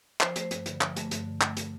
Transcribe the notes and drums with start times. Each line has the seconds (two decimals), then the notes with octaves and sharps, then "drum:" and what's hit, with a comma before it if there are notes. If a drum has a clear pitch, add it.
0.21 F3 C5, drum: clap
0.36 A3 C5, drum: hi-hat
0.51 G2, drum: hi-hat
0.66 D3, drum: hi-hat
0.81 F3, drum: clap
0.96 A3, drum: hi-hat
1.11 G2, drum: hi-hat
1.26 D3
1.41 A3, drum: clap
1.57 drum: hi-hat